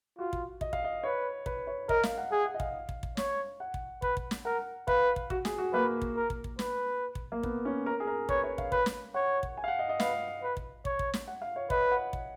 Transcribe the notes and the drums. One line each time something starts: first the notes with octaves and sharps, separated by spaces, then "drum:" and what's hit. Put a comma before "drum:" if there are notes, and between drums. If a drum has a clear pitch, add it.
F4 F#4
drum: kick
D#5, drum: kick
F5, drum: kick
D#5
B4 C#5
B4, drum: kick
C#5
A#4 D#5, drum: kick
F5, drum: snare
F#5
G#4 F#5
F#5
D#5
F5, drum: kick
drum: kick
drum: kick
C#5, drum: snare
F#5
drum: kick
B4, drum: kick
drum: kick
drum: snare
A#4 F#5
B4 F5, drum: kick
drum: kick
F#4, drum: kick
G#4, drum: snare
F#4
A#3 B4
drum: kick
A#4
drum: kick
drum: kick
B4, drum: snare
drum: kick
A#3
B3, drum: kick
C#4
A#4
G#4
A#4
B4 C#5, drum: kick
C#5
F5, drum: kick
B4, drum: kick
drum: snare
C#5 F#5
drum: kick
G#5
F5
F#5
D#5
D#5
B4 F5, drum: snare
B4
drum: kick
C#5, drum: kick
drum: kick
drum: snare
F#5
F5
C#5
B4 D#5, drum: kick
F#5
drum: kick